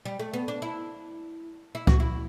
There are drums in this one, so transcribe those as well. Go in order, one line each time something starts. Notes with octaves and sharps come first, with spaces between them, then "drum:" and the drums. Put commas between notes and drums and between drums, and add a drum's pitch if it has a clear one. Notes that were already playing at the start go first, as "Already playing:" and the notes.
G3
A3
B3
D4
E4
E4
F#4, drum: kick C#2
E4